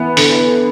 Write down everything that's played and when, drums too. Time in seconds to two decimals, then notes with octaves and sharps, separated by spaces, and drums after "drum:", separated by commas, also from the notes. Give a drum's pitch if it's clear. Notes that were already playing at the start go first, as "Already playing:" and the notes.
Already playing: E3 B3
0.17 D3, drum: open hi-hat